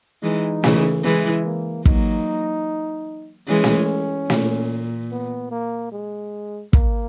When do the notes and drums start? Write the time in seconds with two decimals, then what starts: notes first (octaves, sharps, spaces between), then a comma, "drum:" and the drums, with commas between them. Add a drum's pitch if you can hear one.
0.23 E3 G#3 D#4
0.64 C#3 E3, drum: snare
1.04 E3 G#3 E4
1.45 A#3
1.85 F#3 A#3 D#4, drum: kick
3.48 E3 G#3 C#4
3.64 drum: snare
4.30 A#2, drum: snare
5.11 B3
5.51 A#3
5.92 G#3
6.73 A#3, drum: kick